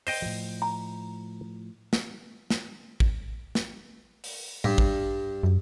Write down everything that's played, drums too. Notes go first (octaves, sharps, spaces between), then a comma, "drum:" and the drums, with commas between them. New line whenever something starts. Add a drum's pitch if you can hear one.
C5 D#5 G5, drum: open hi-hat
A2 F3
A#5
drum: snare
drum: snare
drum: kick
drum: snare
drum: open hi-hat
G2, drum: tom A2
drum: kick
F#2